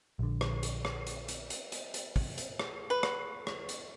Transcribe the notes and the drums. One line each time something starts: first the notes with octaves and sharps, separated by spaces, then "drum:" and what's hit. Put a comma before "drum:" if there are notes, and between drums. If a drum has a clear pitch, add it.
A#1 D3
drum: rim click
drum: hi-hat
drum: rim click
drum: hi-hat
drum: hi-hat
drum: hi-hat
drum: hi-hat
drum: hi-hat
drum: kick, open hi-hat
drum: hi-hat
drum: rim click
B4
drum: rim click
drum: rim click
drum: hi-hat